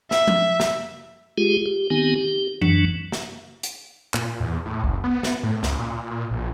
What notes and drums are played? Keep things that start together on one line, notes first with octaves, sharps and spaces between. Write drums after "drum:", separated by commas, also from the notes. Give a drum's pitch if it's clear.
E5, drum: snare
drum: tom F3
drum: snare
G#3 F4 G4 G#4
G4
D#3 B3 C4 D#4 G4 G#5
G4
F#2 E3 F#3 D4, drum: tom E3
drum: snare
drum: hi-hat
A#2, drum: clap
E2
A2
F#1, drum: kick C#2
B3
drum: snare
A2
C#2, drum: snare
A#2
A#1